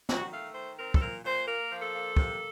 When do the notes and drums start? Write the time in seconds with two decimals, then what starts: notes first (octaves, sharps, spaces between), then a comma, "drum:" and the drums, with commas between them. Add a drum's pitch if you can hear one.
0.09 D#3 F#4, drum: snare
0.32 A3 F5
0.54 D#3 C5
0.77 C4 A#4
0.94 A4, drum: kick
1.01 A#2 A#4
1.24 A#2 C5
1.47 A#3 A#4
1.70 F3
1.82 A4
1.93 A#3
2.17 C3, drum: kick